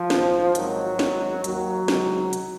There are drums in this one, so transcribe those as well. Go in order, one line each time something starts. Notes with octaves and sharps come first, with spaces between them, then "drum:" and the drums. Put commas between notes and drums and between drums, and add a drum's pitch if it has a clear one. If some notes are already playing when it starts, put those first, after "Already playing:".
Already playing: F3
A#1 G#2 D#3, drum: snare
G#1 G#2 D#3 F#3, drum: hi-hat
G#1 G#2 D#3, drum: snare
D#2 D#3 F#3, drum: hi-hat
C#2 C3 D#3, drum: snare
drum: hi-hat